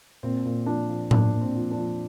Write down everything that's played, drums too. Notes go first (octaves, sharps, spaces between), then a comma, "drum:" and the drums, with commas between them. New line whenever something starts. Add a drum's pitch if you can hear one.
A#2 C4
A#2
F3 D4
F3
A#2 D4, drum: tom A2
A#2
C4
F3
D4
F3